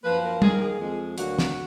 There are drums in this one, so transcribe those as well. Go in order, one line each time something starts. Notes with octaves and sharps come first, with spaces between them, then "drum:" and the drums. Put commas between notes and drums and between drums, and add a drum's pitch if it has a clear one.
F#2 F3 A#3 B4
A#4
G#2 D#3 A#3 G#4, drum: tom
A#4
G#4
F2 F3 G#3
D2 D3 F#3 A#3 F#4, drum: hi-hat
drum: snare